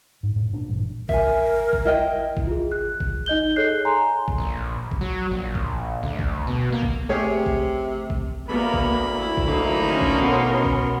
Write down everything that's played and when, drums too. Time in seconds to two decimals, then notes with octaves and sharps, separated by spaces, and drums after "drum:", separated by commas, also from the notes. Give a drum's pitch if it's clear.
0.23 G#2
0.36 A2
0.53 A#2 D4
0.69 A1 G2
1.09 A#4 E5 G#5, drum: kick
1.73 drum: kick
1.85 E4 D#5 G5
2.37 drum: kick
2.47 F4 G#4
2.72 F#6
3.00 drum: kick
3.26 D#4 D#5 G6 G7
3.56 G#4 A4 C#5 F#6 G6 C7
3.85 G#5 A#5 C6
4.28 drum: kick
4.38 A#1
4.91 drum: kick
5.01 F#3
5.31 A#1
5.55 drum: kick
6.03 D2
6.19 drum: kick
6.47 B2
6.72 A#3
6.83 drum: kick
7.09 C3 A3 G4 G#4 C#5
7.46 drum: kick
8.10 drum: kick
8.48 D2 A#3 B3 B5
8.74 drum: kick
9.18 E4
9.37 drum: kick
9.48 D3 F#3 A3 A#3 D#4
9.89 D#3 C#4 D4 E4 A#4 C6
10.01 drum: kick
10.22 B2 B3
10.65 drum: kick